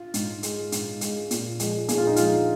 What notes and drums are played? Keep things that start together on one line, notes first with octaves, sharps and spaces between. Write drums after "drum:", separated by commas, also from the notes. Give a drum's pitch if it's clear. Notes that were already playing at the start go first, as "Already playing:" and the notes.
Already playing: F4
G#2, drum: hi-hat
G#3, drum: hi-hat
G#2, drum: hi-hat
G#3, drum: hi-hat
A#2, drum: hi-hat
F3 G#3, drum: hi-hat
A#2 G#4, drum: hi-hat
F4
D#4
F3 G#3 F4, drum: hi-hat